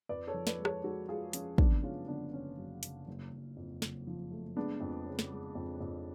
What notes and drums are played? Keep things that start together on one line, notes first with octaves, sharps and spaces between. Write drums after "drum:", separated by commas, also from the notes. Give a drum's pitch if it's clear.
F2 B4 D5
A4 C#5
F3
B4 D5, drum: snare
G#3
A4 C#5, drum: rim click
G#3 F#4 A4
G#3 F4 G#4
F3 C#4 F4, drum: hi-hat
F#1 B3 D4, drum: kick
G#3 C#4 F4
D3 B3 D4
F#1 C#4
F#2
F#1, drum: hi-hat
F#1
F#1
F2
F#1, drum: snare
F3
A3
G#3 B3 D4
F2
C#3
drum: snare
G#3
F2
F2